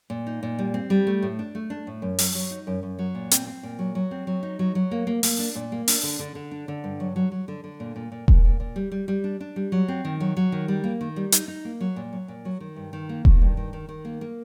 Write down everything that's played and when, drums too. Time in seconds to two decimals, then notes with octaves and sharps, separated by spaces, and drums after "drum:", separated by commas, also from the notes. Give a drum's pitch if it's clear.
0.10 A#2
0.27 D#4
0.43 A#2
0.59 G3
0.74 C4
0.90 G3
1.07 A3
1.22 A2
1.39 D4
1.55 A3
1.70 D4
1.87 A2
2.02 F#2
2.18 F#3, drum: open hi-hat
2.35 F#3
2.51 D#4
2.67 F#2
2.83 F#2
2.99 F#3
3.15 A#2
3.31 C4, drum: hi-hat
3.47 C4
3.63 A#2
3.79 F#3
3.95 F#3
4.11 C4
4.27 F#3
4.43 D#4
4.59 F#3
4.75 F#3
4.91 A#3
5.07 A#3
5.23 A#3, drum: open hi-hat
5.39 D4
5.56 A#2
5.72 A#3
5.88 D4, drum: open hi-hat
6.03 D3
6.19 D3
6.35 D3
6.51 D4
6.68 D3
6.84 G2
7.00 F#3
7.16 F#3
7.32 F#3
7.48 D3
7.64 D3
7.80 A#2
7.96 A#2
8.12 A#2
8.28 A#2, drum: kick E1
8.44 A#2
8.60 A#2
8.76 G3
8.92 G3
9.08 G3
9.24 D4
9.41 D4
9.56 G3
9.72 F#3
9.88 C4
10.05 D#3
10.20 F#3
10.37 F#3
10.52 D#3
10.68 G3
10.84 A#3
11.01 D#3
11.16 G3
11.32 D#4, drum: hi-hat
11.48 D#4
11.65 A#3
11.81 F#3
11.96 A#2
12.13 F#3
12.28 A#2
12.45 F#3
12.60 D#3
12.76 G2
12.93 D#3
13.09 A#3
13.25 D#3, drum: kick E1
13.41 G2
13.57 D#3
13.73 D#3
13.89 D#3
14.05 A#3
14.21 A#3